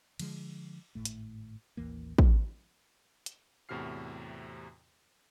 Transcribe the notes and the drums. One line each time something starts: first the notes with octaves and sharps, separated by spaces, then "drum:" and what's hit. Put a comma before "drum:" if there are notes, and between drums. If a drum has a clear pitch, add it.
D3 F3 G#3, drum: cymbal
G#1 A2 A3
drum: hi-hat
A1 D#2 E3 A#3
D#3, drum: kick
drum: hi-hat
E2 A2 C3 F#4 F6 C7